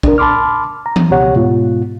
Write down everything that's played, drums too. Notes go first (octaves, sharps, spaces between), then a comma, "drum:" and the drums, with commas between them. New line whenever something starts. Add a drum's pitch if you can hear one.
D4 A#4, drum: kick A#1
A5 B5 C6 D6 F6
A#5
drum: tom E3
C#2 B2 G4 C#5 F#5
G#2 B2 F4